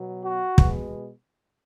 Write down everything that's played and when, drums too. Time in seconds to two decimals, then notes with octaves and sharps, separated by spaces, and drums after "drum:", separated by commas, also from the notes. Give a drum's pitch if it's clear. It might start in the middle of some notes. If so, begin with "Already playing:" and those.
Already playing: B2 F#3 B3
0.25 F#4
0.58 B2 G#3 B3, drum: kick